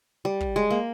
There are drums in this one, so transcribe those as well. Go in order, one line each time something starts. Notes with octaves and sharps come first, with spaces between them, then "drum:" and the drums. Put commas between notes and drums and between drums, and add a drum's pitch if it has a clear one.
G3
drum: kick
G#3
A#3